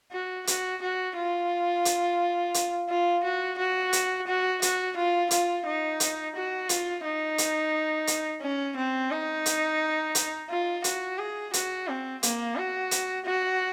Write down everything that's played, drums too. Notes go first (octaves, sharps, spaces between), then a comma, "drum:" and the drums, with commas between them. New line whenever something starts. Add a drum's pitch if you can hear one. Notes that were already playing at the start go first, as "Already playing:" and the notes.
F#4
F#4, drum: hi-hat
F#4
F4
drum: hi-hat
drum: hi-hat
F4
F#4
F#4
drum: hi-hat
F#4
F#4, drum: hi-hat
F4
F4, drum: hi-hat
D#4
drum: hi-hat
F#4
F4, drum: hi-hat
D#4
drum: hi-hat
drum: hi-hat
C#4
C4
D#4
drum: hi-hat
drum: hi-hat
F4
F#4, drum: hi-hat
G#4
F#4, drum: hi-hat
C4
A#3, drum: hi-hat
F#4
drum: hi-hat
F#4